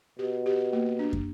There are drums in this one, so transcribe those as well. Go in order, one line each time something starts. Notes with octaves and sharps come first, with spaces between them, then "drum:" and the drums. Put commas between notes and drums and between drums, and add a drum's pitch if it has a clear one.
B2 G4
G4
A#3
D4
drum: kick